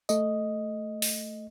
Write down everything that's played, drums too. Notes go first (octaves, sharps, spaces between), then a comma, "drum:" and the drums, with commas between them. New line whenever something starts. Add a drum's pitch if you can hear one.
A3 D#5, drum: tambourine
drum: open hi-hat